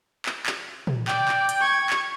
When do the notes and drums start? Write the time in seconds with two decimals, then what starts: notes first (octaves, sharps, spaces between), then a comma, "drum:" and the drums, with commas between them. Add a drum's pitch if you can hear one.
0.26 drum: clap
0.46 drum: clap
0.87 drum: tom
1.08 D5 G5, drum: clap
1.28 drum: clap
1.49 drum: hi-hat
1.61 C#6 G#6
1.90 drum: clap